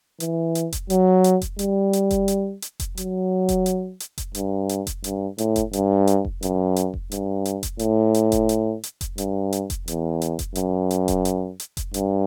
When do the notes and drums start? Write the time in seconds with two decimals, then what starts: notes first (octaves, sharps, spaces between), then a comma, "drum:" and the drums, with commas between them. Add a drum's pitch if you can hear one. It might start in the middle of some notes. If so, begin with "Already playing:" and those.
0.20 E3, drum: hi-hat
0.55 drum: hi-hat
0.72 drum: kick F1, hi-hat
0.90 F#3, drum: hi-hat
1.24 drum: hi-hat
1.41 drum: kick F1, hi-hat
1.59 G3, drum: hi-hat
1.93 drum: hi-hat
2.11 drum: kick F1, hi-hat
2.28 drum: hi-hat
2.62 drum: hi-hat
2.80 drum: kick F1, hi-hat
2.97 F#3, drum: hi-hat
3.49 drum: kick F1, hi-hat
3.66 drum: hi-hat
4.00 drum: hi-hat
4.18 drum: kick F1, hi-hat
4.35 G2, drum: hi-hat
4.69 drum: hi-hat
4.87 drum: kick F1, hi-hat
5.04 G2, drum: hi-hat
5.38 A2, drum: hi-hat
5.56 drum: kick F1, hi-hat
5.73 G2, drum: hi-hat
6.07 drum: hi-hat
6.25 drum: kick F1
6.43 F#2, drum: hi-hat
6.76 drum: hi-hat
6.94 drum: kick F1
7.12 G2, drum: hi-hat
7.45 drum: hi-hat
7.63 drum: kick F1, hi-hat
7.79 A2, drum: hi-hat
8.14 drum: hi-hat
8.32 drum: kick F1, hi-hat
8.49 drum: hi-hat
8.83 drum: hi-hat
9.01 drum: kick F1, hi-hat
9.18 G2, drum: hi-hat
9.53 drum: hi-hat
9.70 drum: kick F1, hi-hat
9.88 E2, drum: hi-hat
10.22 drum: hi-hat
10.39 drum: kick F1, hi-hat
10.55 F#2, drum: hi-hat
10.91 drum: hi-hat
11.08 drum: kick F1, hi-hat
11.25 drum: hi-hat
11.60 drum: hi-hat
11.77 drum: kick F1, hi-hat
11.94 G2, drum: hi-hat